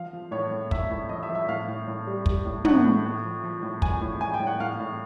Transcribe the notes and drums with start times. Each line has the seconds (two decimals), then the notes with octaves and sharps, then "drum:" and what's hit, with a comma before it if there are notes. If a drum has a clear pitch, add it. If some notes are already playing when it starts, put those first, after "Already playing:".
Already playing: F3 F5
0.13 F3
0.31 A2 C#5
0.51 A2
0.71 A2 E5, drum: kick
0.90 A2
1.09 F3 D#5
1.23 E5
1.29 F3
1.35 E5
1.49 A2 F5
1.68 A2
1.88 A2
2.07 G3
2.26 G3, drum: kick
2.45 A2
2.65 A2 F#5, drum: tom
2.85 A2
3.05 A2
3.24 F3
3.43 F3
3.62 A2
3.82 F3 G#5, drum: kick
4.01 A2
4.21 A2 G#5
4.34 G5
4.40 A2
4.47 F#5
4.60 A2 F5
4.80 A2